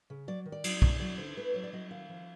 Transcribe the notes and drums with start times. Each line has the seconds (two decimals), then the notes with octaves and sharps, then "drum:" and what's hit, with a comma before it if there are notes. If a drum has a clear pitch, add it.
0.10 C#3
0.28 F#3 D5
0.46 D#3
0.52 D5
0.64 F#3, drum: cymbal
0.82 C#3, drum: kick B1
1.00 F#3 D5
1.18 D3 C5
1.37 A3 B4
1.54 F#3 C#5
1.64 D5
1.73 F#3 D#5
1.90 D#3 F5
2.09 F3